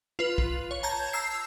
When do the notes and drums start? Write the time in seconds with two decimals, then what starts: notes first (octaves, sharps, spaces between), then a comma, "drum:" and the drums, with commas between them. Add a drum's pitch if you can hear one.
0.19 F4 B4
0.38 drum: kick
0.71 C#5
0.83 A5 A#5 G6 G#6
1.13 A#5 E6 C7